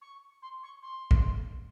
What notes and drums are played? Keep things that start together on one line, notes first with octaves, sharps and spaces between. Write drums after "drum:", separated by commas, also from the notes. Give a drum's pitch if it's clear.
C#6
C6
C#6
C6
drum: kick